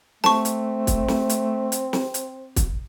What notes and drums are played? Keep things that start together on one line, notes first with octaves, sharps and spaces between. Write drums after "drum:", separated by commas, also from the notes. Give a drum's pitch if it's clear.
A3 C4 A5 C#6, drum: snare
drum: hi-hat
drum: kick, hi-hat
drum: snare
drum: hi-hat
drum: hi-hat
drum: snare
drum: hi-hat
drum: kick, hi-hat